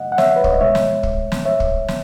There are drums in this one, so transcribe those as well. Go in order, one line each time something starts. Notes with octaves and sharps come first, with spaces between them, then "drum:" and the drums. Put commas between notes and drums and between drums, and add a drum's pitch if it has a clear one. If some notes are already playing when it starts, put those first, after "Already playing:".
Already playing: C#3 A3 D#5 F#5
F#5
C#5 E5, drum: snare
B4
C#5, drum: kick
D#5
B2 G#3 C#5 E5
drum: snare
drum: kick
drum: snare
C#5 E5
drum: kick
drum: snare